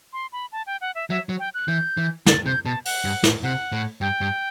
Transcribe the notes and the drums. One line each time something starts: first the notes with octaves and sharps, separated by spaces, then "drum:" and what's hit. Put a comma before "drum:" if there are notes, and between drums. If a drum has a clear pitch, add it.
C6
B5
A5
G5
F#5
E5
F#3 E5
F#3
G5
F#6
E3 G6
E3
D3 A6, drum: snare
C3 G6
B2 A5
F#5, drum: open hi-hat
G2
A2, drum: snare
C3 F#5
A2
G2 G5
G2